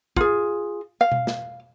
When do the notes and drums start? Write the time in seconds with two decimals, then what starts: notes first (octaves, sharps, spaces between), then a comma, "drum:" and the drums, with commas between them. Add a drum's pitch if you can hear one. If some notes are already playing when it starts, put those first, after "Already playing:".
0.17 F4 G#4, drum: kick
1.01 F5
1.12 drum: tom B2
1.27 drum: snare